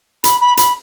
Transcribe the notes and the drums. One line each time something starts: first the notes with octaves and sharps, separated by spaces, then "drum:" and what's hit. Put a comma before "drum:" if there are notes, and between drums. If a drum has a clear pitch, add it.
B5, drum: hi-hat
B5
B5, drum: hi-hat